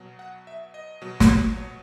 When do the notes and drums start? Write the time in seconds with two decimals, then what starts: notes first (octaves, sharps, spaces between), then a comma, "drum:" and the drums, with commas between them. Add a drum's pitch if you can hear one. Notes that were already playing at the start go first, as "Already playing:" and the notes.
Already playing: B2 F#3
0.19 F#5
0.47 E5
0.74 D#5
1.02 B2 F#3
1.20 drum: snare
1.57 C#5